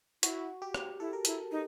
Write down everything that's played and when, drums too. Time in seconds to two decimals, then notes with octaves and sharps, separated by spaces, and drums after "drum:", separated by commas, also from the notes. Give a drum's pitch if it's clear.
0.23 E4 F#4, drum: hi-hat
0.62 G4
0.75 drum: rim click
1.00 E4 A4
1.13 A#4
1.25 E4 A4, drum: hi-hat
1.52 D#4